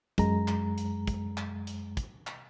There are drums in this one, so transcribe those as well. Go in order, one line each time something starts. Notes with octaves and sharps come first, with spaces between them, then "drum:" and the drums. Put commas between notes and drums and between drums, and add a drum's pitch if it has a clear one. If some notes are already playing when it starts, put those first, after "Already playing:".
F#2 G#3 A#5, drum: kick, hi-hat
drum: clap
drum: hi-hat
drum: kick, hi-hat
drum: clap
drum: hi-hat
drum: kick, hi-hat
drum: clap